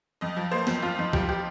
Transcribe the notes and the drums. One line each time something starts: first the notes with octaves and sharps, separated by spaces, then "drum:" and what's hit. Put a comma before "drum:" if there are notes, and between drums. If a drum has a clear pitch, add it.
F2 D#5
F3
A#3 C5
F2, drum: snare
F2 F4
F2 D#4
F3 G4, drum: kick
G4